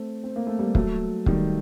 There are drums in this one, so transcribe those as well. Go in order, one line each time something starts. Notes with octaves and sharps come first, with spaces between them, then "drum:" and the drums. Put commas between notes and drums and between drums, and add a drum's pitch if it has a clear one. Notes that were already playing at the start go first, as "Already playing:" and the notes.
Already playing: A3 C4
C4
A#3
A3
G3 A#3
F#3 A3, drum: kick
D#3 G3, drum: kick